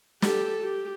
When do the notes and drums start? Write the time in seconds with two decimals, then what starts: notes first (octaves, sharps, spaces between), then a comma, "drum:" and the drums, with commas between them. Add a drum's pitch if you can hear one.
0.22 G4 A4, drum: snare
0.63 G4